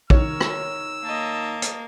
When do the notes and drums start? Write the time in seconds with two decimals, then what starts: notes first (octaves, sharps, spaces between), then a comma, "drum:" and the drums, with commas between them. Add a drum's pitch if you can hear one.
0.10 D#3 A#4 C#5 E6, drum: kick
0.41 drum: rim click
1.05 A#3 D#5 A5
1.62 drum: hi-hat